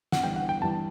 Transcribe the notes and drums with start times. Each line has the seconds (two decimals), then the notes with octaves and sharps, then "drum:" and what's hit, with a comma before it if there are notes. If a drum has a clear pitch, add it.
0.12 F#5, drum: snare
0.23 G1 G2 E3 G3 G5
0.36 F#5
0.49 G5
0.62 G2 E3 G3 A5